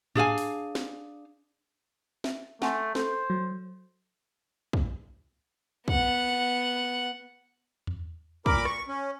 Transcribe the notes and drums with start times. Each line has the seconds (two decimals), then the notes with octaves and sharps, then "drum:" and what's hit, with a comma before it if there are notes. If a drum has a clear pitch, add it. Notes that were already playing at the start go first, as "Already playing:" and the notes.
0.15 D4 G#4 F5 G#5, drum: tom G#2
0.38 drum: open hi-hat
0.75 drum: snare
2.24 E5, drum: snare
2.62 A3 F#5 G#5 C6, drum: snare
2.95 A4 C5, drum: snare
3.30 F#3
4.73 drum: kick
5.88 B3 F#5, drum: kick
7.87 drum: tom E2
8.46 A#2 A#4 B5 D6, drum: kick
8.65 C#6, drum: rim click
8.88 C#4